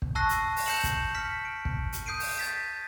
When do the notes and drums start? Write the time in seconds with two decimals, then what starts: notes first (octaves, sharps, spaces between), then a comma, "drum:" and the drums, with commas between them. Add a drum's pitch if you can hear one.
0.02 drum: kick
0.15 A5 C#6 E6 F#6 A#6 C7
0.29 drum: hi-hat
0.56 drum: open hi-hat
0.66 G6 C7 C#7 E7 F#7
0.84 drum: kick, hi-hat
1.15 F6 B6 C#7
1.45 D7
1.65 drum: kick
1.92 drum: hi-hat
2.06 D#6 G6 C7 D7 D#7
2.20 drum: open hi-hat
2.39 G#6 A6 B6